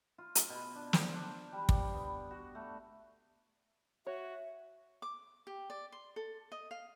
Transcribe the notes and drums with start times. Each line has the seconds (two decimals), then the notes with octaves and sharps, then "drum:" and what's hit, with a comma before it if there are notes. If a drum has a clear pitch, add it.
0.18 F4
0.35 drum: hi-hat
0.50 B2
0.75 D4
0.93 C5, drum: snare
1.15 D4
1.52 G3
1.69 D5, drum: kick
1.94 B3
2.31 F#4
2.55 A3
4.07 F#4 C#5 E5
5.02 D6
5.47 G4
5.70 D5
5.92 C6
6.16 A4
6.52 D#5
6.71 F5